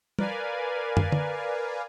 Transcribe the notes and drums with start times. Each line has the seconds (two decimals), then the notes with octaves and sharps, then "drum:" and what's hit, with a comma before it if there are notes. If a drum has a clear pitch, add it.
0.19 A#4 B4 D5 F5 G#5, drum: tom
0.97 drum: tom
1.12 drum: tom D3